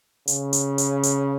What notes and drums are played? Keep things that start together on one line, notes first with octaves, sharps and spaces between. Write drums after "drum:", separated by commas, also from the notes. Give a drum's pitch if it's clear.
C#3, drum: hi-hat
drum: hi-hat
drum: hi-hat
drum: hi-hat